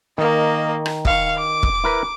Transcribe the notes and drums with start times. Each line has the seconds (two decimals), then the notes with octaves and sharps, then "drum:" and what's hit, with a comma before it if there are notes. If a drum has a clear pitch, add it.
0.18 D#3 A#3 D#5
0.86 drum: rim click
1.05 F5 C#6, drum: kick
1.37 D6
1.63 drum: kick
1.84 E4 A#4 B4